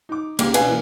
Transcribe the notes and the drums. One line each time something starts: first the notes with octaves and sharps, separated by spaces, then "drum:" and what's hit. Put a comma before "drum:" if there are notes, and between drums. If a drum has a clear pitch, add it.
D#4 D6
C#2 A#3 G4 D6, drum: cymbal
B2 C#4 D4 B4 F5 G#5, drum: cymbal
E3 A#3